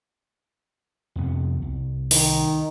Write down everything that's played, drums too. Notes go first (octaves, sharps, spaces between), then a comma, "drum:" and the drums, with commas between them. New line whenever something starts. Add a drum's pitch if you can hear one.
F2 C3 B3
C2
D#3, drum: open hi-hat